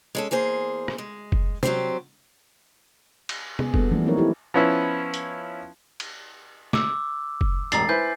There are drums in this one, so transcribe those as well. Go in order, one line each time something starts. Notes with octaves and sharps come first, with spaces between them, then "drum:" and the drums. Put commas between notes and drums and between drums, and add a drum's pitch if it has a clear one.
G#3 C#4 A4
E2 A#3 G#4 C5
drum: rim click
G#3
drum: kick F#1
F#3 G3 C4 D#4 G4 C5, drum: tom C3
drum: cymbal
B3 G#4, drum: tom C3
G3 A#3 B3 D4 F#4 A4, drum: kick F#1
E3 F3 G3 A3 A#3 D4
F#3 A#3 C4 D#4 A#4 C#5
E4 G4 A4
F3 B3 C#4 E4
drum: hi-hat
drum: cymbal
D6 E6, drum: snare
drum: kick F#1
E1 A1 A#5 A6 C7, drum: hi-hat
E4 B4 C5 G#5 G6